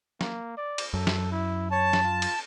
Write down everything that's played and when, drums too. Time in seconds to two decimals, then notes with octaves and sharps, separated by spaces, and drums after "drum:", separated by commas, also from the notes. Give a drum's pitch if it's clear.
0.21 A#3, drum: snare
0.57 D5
0.78 drum: cymbal
0.94 F#2 A4
1.07 drum: snare
1.32 E4
1.71 C#5 A5
1.93 drum: snare
2.03 F4
2.22 drum: cymbal